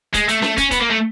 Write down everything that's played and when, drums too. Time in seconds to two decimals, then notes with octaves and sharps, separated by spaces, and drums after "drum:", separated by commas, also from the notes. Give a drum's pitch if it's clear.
0.14 G#3, drum: kick, hi-hat
0.28 A3, drum: hi-hat
0.42 A3, drum: snare C#4
0.57 C#4, drum: kick, hi-hat
0.71 B3, drum: kick, hi-hat
0.80 A#3
0.90 A3